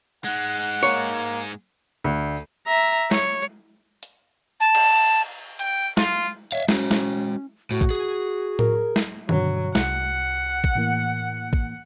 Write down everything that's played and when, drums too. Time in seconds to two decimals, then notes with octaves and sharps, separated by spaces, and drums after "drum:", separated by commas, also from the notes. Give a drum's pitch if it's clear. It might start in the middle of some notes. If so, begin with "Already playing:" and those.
0.25 G#2 G#3 F#5
0.83 A#3 C#5
2.04 D2
2.67 E5 A#5
3.11 C#5, drum: snare
4.03 drum: hi-hat
4.60 A5
4.75 drum: cymbal
5.59 G5, drum: cymbal
5.97 F4, drum: snare
6.52 C#5 E5 F5
6.69 G#3 C#4 F#4, drum: snare
6.91 drum: snare
7.71 A2 F#4
7.81 drum: kick A1
7.91 G#4
8.59 A#4, drum: tom A2
8.96 drum: snare
9.29 G2 B2 D3 F#3, drum: tom D#3
9.75 C2 F#5, drum: snare
10.64 drum: kick A1
10.75 A2 E3 A#3
11.53 drum: kick A1